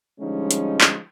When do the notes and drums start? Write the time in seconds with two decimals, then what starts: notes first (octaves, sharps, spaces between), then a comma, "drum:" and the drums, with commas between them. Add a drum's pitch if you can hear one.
0.20 D3 F3 G3 G#3 C#4 D#4
0.51 drum: hi-hat
0.81 drum: clap